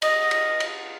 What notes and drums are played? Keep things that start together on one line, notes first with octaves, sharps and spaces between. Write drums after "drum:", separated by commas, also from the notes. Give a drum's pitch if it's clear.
D#5, drum: cymbal
drum: cymbal
drum: cymbal